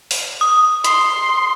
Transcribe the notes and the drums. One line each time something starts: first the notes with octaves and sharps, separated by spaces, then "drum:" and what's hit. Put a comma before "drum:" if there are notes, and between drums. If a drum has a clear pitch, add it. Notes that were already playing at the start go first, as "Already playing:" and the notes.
drum: open hi-hat
D#6
C6, drum: hi-hat